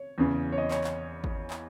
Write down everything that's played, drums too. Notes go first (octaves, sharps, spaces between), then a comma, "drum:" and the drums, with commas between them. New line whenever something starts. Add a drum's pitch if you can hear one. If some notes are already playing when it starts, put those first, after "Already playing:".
Already playing: C#5
E2 C#3 E3
C#5
D#5
C#5, drum: clap
drum: clap
drum: kick G#1
drum: clap